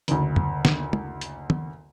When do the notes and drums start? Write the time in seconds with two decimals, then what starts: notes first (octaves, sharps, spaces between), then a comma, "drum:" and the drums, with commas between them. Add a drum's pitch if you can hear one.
0.08 F#1 D2, drum: hi-hat
0.36 drum: tom
0.65 drum: snare
0.93 drum: tom
1.21 drum: hi-hat
1.50 drum: tom